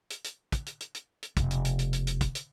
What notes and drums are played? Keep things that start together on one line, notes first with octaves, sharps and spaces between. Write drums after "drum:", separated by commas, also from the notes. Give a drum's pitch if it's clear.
drum: hi-hat
drum: hi-hat
drum: kick, hi-hat
drum: hi-hat
drum: hi-hat
drum: hi-hat
drum: hi-hat
F1 B2, drum: kick, hi-hat
drum: hi-hat
drum: hi-hat
drum: hi-hat
drum: hi-hat
drum: hi-hat
drum: kick, hi-hat
drum: hi-hat